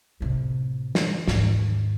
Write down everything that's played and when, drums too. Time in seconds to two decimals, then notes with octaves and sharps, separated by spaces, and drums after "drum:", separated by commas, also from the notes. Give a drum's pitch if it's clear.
0.21 A2 C3
0.95 drum: snare
1.28 D#2 G#2, drum: snare